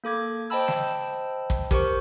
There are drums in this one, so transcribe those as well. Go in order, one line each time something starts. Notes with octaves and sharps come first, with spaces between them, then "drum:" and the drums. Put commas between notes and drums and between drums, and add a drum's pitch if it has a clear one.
A#3 A4 D6 G#6
C5 D#5 G5 A5 B5 E6
drum: snare
drum: kick
G4 A#4 C5 C#6, drum: kick